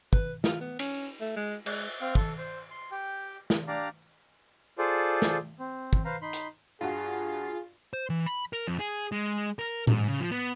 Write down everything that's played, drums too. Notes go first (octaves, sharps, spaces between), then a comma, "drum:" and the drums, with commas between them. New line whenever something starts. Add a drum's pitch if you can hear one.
B4, drum: kick
F4, drum: snare
B3
C#4, drum: cymbal
A3
G#3
G#3, drum: cymbal
C4 F5
A4, drum: kick
C5
C6
G4 G5
drum: snare
D4 G4 D5 F5 A#5
F4 G#4 A4 C5 D5
drum: snare
C4
drum: kick
B4 C5 F5 A#5
D#4 B5 C6
drum: hi-hat
G2 F4 F#4 G#4
C5
E3
B5
A#4
F2
G#4
G#3
A#4
G#2, drum: tom A2
C#3
F3
B3